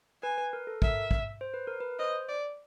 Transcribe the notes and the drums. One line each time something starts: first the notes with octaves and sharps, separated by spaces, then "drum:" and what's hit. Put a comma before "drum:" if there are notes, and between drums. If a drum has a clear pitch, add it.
B4 G#5
B4
A#4
A4
A#4 E5, drum: kick
drum: kick
C5
B4
A#4
B4
C5 D#5
D5